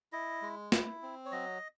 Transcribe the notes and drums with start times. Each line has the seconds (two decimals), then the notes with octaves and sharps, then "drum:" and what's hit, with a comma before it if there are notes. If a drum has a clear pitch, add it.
0.12 E4 D#5
0.42 G#3
0.72 E4, drum: snare
1.02 C4
1.26 C#5
1.32 F#3 D#5